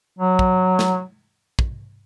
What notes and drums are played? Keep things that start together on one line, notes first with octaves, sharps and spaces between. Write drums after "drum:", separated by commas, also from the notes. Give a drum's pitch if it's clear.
F#3
drum: kick
drum: snare
drum: kick